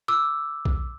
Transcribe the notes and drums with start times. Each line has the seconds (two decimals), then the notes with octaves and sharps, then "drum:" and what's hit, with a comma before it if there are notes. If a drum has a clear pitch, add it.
0.08 D6 E6
0.65 drum: kick A#1